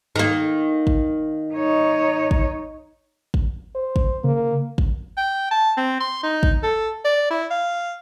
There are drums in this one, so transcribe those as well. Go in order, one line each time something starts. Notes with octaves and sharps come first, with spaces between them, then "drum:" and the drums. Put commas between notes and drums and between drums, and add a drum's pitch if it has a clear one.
D#3 A#3
drum: kick G#1
D#4 C#5
drum: kick G#1
drum: kick G#1
C5
drum: kick G#1
C#3 A#3
drum: kick G#1
G5
A5
C4
C6
D#4
drum: kick G#1
A4
D5
E4
F5